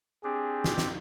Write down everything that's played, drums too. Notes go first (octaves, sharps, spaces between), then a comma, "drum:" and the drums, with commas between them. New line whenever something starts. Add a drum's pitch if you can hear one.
C4 D4 G4 G#4
drum: snare
drum: snare